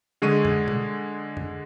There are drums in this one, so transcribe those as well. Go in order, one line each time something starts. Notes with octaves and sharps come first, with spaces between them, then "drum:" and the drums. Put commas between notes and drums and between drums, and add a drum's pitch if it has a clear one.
D3 G#3 G#4 C#6 D#7
drum: tom F2
drum: tom B2
drum: tom F2